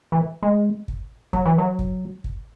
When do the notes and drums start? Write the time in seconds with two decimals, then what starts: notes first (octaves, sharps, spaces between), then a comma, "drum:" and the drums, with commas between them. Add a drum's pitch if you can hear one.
0.12 E3
0.43 G#3
0.88 drum: kick
1.33 F#3, drum: kick
1.46 E3
1.58 F#3
1.79 drum: kick
2.24 drum: kick